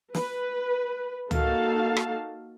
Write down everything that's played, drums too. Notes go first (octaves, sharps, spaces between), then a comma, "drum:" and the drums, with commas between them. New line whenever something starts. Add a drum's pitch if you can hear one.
B4, drum: snare
A#3 D#4 F#4 A4 F5 A5, drum: tom C#2
drum: rim click